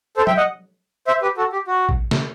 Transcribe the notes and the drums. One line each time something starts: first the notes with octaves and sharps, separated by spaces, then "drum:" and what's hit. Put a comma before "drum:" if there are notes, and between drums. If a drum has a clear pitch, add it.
A4 C5
E5 G5, drum: tom
D#5 F#5
C5 E5
G4 B4
F#4 A4
G4
F#4
drum: kick A1
drum: snare